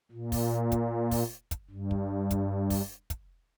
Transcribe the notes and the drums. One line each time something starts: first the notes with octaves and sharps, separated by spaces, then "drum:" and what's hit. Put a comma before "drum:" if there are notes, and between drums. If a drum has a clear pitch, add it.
A#2
drum: kick, open hi-hat
drum: kick, hi-hat
drum: kick, open hi-hat
drum: kick, hi-hat
G2
drum: kick
drum: kick, hi-hat
drum: kick, open hi-hat
drum: kick, hi-hat